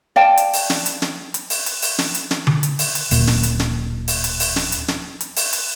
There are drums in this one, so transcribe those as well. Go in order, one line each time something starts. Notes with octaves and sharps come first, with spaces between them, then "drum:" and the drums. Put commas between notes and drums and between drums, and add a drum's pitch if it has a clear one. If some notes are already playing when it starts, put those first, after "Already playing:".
D5 F5 G5 A5
drum: hi-hat
drum: open hi-hat
drum: snare
drum: hi-hat
drum: snare
drum: hi-hat
drum: open hi-hat
drum: hi-hat
drum: open hi-hat
drum: snare
drum: hi-hat
drum: snare
drum: tom D3
drum: hi-hat
drum: open hi-hat
drum: hi-hat
D1 A#2, drum: open hi-hat
drum: snare
drum: hi-hat
drum: snare
drum: open hi-hat
drum: hi-hat
drum: open hi-hat
drum: snare
drum: hi-hat
drum: snare
drum: hi-hat
drum: open hi-hat
drum: hi-hat